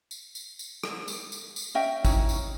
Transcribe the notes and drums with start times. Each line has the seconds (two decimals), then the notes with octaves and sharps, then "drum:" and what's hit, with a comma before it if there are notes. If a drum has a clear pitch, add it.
0.11 drum: tambourine
0.35 drum: tambourine
0.59 drum: tambourine
0.84 drum: rim click
1.08 drum: tambourine
1.32 drum: tambourine
1.56 drum: tambourine
1.74 C#4 D#5 E5 G5
2.05 C#4 D#4 E4, drum: kick G#1, tambourine
2.29 drum: tambourine